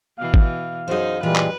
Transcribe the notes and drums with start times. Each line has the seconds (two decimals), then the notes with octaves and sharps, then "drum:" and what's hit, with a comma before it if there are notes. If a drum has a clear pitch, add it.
0.18 B2 E3 F5
0.34 drum: kick G#1
0.88 F#2 D#4 G#4 C5
1.23 A#2 E3 G3 G#3 F4 B4
1.36 drum: clap